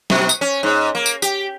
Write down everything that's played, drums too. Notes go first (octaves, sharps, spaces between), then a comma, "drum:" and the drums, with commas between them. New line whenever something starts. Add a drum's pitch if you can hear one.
B2, drum: snare
drum: tambourine
C#4
G#2
A#3
drum: tambourine
G4, drum: tambourine